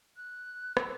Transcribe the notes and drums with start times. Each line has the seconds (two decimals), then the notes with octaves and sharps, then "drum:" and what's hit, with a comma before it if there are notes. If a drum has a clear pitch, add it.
0.16 F#6
0.77 E6, drum: rim click